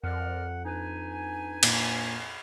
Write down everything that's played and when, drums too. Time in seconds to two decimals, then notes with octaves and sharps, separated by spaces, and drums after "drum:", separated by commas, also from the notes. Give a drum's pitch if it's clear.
0.04 F2 A#4 D5 F#5 F6
0.65 D4 D#4 B4 G#5
1.63 A#2, drum: cymbal